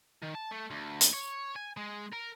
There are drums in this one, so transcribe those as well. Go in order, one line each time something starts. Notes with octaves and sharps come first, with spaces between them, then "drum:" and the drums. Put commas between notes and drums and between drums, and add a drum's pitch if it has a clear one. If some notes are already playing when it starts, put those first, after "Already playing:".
D#3
A5
A3
D2
drum: hi-hat
C#5
G#5
G#3
A#4